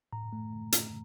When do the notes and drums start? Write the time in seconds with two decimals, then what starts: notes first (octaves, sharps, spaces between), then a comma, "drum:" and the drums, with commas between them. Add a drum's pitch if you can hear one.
0.13 A2 A#5
0.33 A3
0.53 A3
0.72 A2, drum: hi-hat